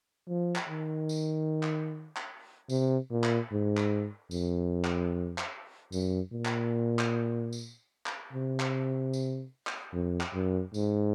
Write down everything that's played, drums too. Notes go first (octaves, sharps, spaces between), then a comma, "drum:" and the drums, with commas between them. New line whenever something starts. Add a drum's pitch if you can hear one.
F3
drum: clap
D#3
drum: tambourine
drum: clap
drum: clap
C3, drum: tambourine
A#2
drum: clap
G#2
drum: clap
F2, drum: tambourine
drum: clap
drum: clap
F#2, drum: tambourine
A#2
drum: clap
drum: clap
drum: tambourine
drum: clap
C3
drum: clap
drum: tambourine
drum: clap
F2
drum: clap
F#2
G#2, drum: tambourine